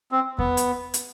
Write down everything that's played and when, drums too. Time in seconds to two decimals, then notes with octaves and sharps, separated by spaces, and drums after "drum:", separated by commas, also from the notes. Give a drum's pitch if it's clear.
0.12 C4
0.39 B3, drum: kick E2
0.57 drum: hi-hat
0.94 drum: hi-hat